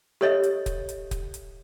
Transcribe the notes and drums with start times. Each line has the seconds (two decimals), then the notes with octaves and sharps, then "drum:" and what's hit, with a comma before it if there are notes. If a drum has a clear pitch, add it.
0.21 G4 A4 C#5 D#5 E5, drum: snare
0.43 drum: hi-hat
0.66 drum: kick, hi-hat
0.89 drum: hi-hat
1.11 drum: kick, hi-hat
1.34 drum: hi-hat